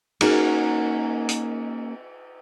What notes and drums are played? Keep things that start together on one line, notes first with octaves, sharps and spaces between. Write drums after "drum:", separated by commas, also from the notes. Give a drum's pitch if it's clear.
A#3 C#4 D#4 F#4 G#4 A#4, drum: cymbal
drum: hi-hat